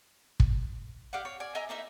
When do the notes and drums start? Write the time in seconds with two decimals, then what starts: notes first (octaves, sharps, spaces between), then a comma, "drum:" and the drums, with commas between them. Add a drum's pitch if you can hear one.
0.40 drum: kick
1.13 G4 D5 F5 F#5
1.25 C#5
1.40 D5 G#5
1.55 D#5 E5 G#5 A#5
1.69 A#3 D#4 E4 E5